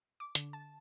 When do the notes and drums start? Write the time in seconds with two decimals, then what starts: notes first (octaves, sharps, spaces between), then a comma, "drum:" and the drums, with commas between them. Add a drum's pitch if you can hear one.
0.20 D6
0.35 D3, drum: hi-hat
0.53 A5